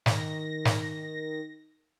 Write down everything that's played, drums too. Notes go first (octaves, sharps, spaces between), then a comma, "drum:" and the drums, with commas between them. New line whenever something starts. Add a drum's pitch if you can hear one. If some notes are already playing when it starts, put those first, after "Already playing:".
D#3 A#6, drum: snare
drum: snare